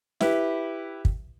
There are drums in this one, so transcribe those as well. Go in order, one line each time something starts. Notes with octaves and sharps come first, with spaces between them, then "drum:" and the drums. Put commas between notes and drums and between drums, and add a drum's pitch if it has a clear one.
E4 G4 B4, drum: snare
drum: kick